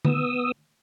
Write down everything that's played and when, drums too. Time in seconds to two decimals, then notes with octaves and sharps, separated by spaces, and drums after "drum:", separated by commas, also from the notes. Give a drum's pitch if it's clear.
0.05 B3 D#6 E6, drum: tom D3